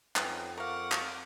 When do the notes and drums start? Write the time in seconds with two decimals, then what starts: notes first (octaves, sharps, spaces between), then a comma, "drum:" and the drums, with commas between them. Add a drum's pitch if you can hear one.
0.16 F2 B3 C#4 D#4 G5, drum: clap
0.57 A#4 F5 F#5 C#6 D6
0.92 drum: clap